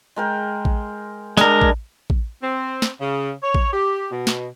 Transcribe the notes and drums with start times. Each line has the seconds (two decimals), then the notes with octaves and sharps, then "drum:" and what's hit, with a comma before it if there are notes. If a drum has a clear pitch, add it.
0.16 G#3 A#4 G5
0.65 drum: kick A1
1.37 G3 G#3 D4 A#4, drum: snare
1.62 drum: kick A1
2.10 drum: kick A1
2.42 C4
2.82 drum: snare
3.00 C#3
3.42 C#5
3.55 drum: kick A1
3.73 G4
4.11 B2
4.27 drum: snare